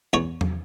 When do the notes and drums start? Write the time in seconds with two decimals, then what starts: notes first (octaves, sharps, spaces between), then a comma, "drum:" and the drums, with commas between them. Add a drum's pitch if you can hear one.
0.13 E2 C#5
0.41 drum: tom E2